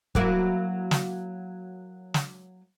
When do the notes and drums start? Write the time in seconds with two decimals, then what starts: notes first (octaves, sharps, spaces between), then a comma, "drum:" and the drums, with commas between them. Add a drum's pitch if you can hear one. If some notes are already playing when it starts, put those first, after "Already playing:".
0.15 F#3 A#3 E4, drum: kick
0.91 drum: snare
2.14 drum: snare